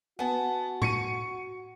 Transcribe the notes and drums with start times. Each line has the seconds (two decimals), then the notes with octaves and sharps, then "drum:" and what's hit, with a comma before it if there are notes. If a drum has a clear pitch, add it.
0.19 B3 F#4 G#5 A5
0.82 C#6 C#7 D#7, drum: tom A2